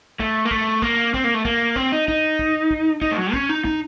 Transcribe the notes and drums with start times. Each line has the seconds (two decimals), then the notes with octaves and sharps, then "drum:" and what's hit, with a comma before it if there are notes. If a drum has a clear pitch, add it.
0.20 A3, drum: kick
0.45 A#3
0.51 A3, drum: kick
0.82 A#3, drum: kick
1.14 C4, drum: kick
1.24 A#3
1.34 A3
1.45 A#3, drum: kick
1.76 C4, drum: kick
1.92 D#4
2.08 D#4, drum: kick
2.39 drum: kick
2.71 drum: kick
3.02 D#4, drum: kick
3.11 A3
3.17 F#3
3.34 C#4, drum: kick
3.49 D#4
3.65 D#4, drum: kick